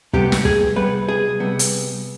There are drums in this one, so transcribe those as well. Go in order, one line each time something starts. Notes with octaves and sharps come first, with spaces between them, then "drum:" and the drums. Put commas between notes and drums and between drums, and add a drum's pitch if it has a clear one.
C3 G3 B3 G4, drum: kick
drum: snare
G#4, drum: kick
C3 G3 B3 B4
G#4
C3 G3 B3
drum: hi-hat